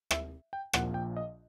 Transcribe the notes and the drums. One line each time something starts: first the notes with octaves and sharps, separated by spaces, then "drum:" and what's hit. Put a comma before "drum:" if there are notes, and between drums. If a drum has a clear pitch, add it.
E5, drum: rim click
G5
A#1 A#2 F3 F#5, drum: rim click
G5
D#5